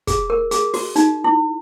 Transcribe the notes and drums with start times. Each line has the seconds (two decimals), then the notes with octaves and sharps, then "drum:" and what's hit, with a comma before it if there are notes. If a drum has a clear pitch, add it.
0.07 G#4, drum: kick, hi-hat
0.30 A#4
0.51 G#4, drum: hi-hat
0.74 F#4, drum: open hi-hat
0.96 D#4, drum: hi-hat
1.24 E4